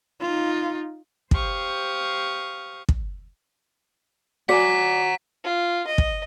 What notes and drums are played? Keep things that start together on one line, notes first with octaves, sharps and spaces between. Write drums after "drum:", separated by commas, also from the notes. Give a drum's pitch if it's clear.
D#4 F4
G4 C5 F5 C#6 D#6, drum: kick
drum: kick
F#4 D5 F#5 G#5 A#5 B6
F4
D#5
drum: kick